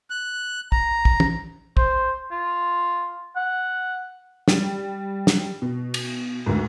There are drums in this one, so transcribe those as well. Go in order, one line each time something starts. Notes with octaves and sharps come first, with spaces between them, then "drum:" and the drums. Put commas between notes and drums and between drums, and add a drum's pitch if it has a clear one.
F#6
A#5, drum: kick
drum: kick
drum: tom
C5, drum: kick
F4
F#5
G3, drum: snare
drum: snare
B2
drum: cymbal
D2 G#2